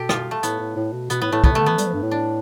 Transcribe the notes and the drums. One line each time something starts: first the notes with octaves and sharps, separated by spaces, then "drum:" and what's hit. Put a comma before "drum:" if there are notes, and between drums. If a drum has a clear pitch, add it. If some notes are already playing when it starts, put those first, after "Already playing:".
Already playing: B2 G4 A4
F4, drum: rim click
A3
A2 B3, drum: hi-hat
A2
A2
B2
B2 B3, drum: hi-hat
A2 B3
A2 A3
A2 B3, drum: kick
C3
A3
D3
E3 B3
G3, drum: hi-hat
F3
G2
A2
D4